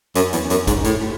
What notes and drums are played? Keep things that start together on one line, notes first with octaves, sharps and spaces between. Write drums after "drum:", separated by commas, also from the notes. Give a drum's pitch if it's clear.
F#2, drum: hi-hat
E2, drum: hi-hat
F#2, drum: hi-hat
G#2, drum: kick, hi-hat
A2, drum: hi-hat
drum: rim click